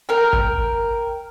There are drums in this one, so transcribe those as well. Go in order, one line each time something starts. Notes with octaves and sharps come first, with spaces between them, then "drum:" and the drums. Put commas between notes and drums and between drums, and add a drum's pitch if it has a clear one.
A#4 G5
drum: kick